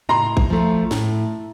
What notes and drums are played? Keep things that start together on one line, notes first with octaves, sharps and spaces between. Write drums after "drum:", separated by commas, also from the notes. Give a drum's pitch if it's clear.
A2 A#5 C6
drum: kick A1
F3 A3
A2, drum: snare